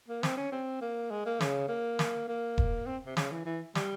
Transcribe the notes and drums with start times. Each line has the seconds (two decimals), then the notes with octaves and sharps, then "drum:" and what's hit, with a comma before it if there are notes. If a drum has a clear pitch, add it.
0.08 A#3
0.23 C4, drum: snare
0.37 C#4
0.52 C4
0.81 A#3
1.11 G#3
1.26 A#3
1.40 C#3, drum: snare
1.69 A#3
1.99 drum: snare
2.28 A#3
2.58 drum: kick E1
2.87 C4
3.06 C3
3.17 C#3, drum: snare
3.31 E3
3.46 E3
3.75 G3, drum: snare